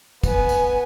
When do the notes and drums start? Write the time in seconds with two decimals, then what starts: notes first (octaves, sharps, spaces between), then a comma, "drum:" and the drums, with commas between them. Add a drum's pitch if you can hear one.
0.23 B3 G#5, drum: kick, tambourine
0.49 drum: tambourine